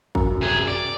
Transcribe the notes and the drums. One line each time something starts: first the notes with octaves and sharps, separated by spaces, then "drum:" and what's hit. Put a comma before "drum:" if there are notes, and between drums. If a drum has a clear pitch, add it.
F#2, drum: kick G#1
C3 G#4
D5